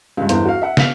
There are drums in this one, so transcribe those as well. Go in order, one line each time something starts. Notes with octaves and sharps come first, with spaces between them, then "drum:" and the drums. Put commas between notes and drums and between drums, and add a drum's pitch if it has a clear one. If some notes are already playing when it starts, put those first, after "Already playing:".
C#2 G2
G1 E2 C5, drum: hi-hat
F#4 F5
E5 F#5
B2 F5 B6 F7, drum: snare